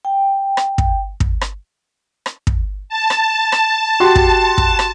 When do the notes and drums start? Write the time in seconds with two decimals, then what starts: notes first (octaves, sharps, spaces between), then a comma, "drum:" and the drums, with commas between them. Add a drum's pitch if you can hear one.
0.05 G5
0.57 drum: rim click
0.78 drum: kick
1.20 drum: kick
1.41 drum: rim click
2.26 drum: rim click
2.47 drum: kick
2.89 A5
3.10 drum: rim click
3.52 drum: rim click
4.00 F#4 G4 C6
4.15 drum: kick
4.58 drum: kick
4.79 drum: rim click